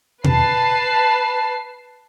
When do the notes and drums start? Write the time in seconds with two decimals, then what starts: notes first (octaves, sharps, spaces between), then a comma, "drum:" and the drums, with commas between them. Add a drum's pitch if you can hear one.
0.24 B4 A5 C7, drum: tom B2